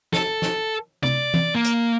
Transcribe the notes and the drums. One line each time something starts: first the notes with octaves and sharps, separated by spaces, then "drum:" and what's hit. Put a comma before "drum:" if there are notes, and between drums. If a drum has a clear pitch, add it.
A4, drum: snare
drum: snare
D5, drum: tom
drum: tom E3
A#3
drum: hi-hat